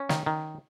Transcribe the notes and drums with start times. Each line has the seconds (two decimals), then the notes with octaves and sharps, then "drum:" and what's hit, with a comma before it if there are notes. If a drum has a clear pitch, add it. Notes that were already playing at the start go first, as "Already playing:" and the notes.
Already playing: C#4
0.09 D#3, drum: snare
0.26 D#3